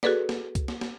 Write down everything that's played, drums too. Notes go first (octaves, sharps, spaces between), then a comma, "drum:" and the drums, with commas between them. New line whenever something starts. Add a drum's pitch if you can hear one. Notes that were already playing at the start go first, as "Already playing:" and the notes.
F#4 G#4 A4 B4 D5, drum: snare
drum: snare
drum: kick C2, hi-hat
drum: snare
drum: snare